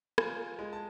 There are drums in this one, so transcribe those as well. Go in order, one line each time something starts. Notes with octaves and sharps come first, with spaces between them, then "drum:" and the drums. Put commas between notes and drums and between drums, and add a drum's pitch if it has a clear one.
F4 G#5, drum: rim click
G#3
A5